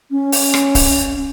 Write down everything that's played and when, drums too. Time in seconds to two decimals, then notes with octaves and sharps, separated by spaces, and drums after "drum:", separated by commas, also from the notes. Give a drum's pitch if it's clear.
0.11 C#4
0.32 drum: open hi-hat
0.54 drum: rim click
0.75 drum: kick C#1, open hi-hat